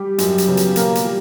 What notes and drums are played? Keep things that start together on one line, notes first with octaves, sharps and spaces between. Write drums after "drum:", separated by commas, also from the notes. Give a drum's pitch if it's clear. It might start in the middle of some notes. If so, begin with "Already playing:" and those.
Already playing: G3 G4
F#2, drum: hi-hat
drum: hi-hat
C#3 F#3 B3
drum: hi-hat
B2 A#3 A#4, drum: hi-hat
drum: hi-hat
G3